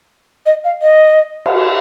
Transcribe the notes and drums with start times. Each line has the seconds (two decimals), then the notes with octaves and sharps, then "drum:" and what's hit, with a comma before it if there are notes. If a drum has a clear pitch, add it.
0.46 D#5
0.64 F5
0.82 D#5
1.46 drum: cymbal